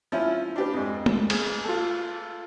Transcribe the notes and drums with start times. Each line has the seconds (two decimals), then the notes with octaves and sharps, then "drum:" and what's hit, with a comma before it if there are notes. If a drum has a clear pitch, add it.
0.12 F3 C#4 E4
0.56 D4 G4 B4
0.73 F2 G#2
1.06 drum: tom
1.30 G#4, drum: cymbal
1.64 F4 A4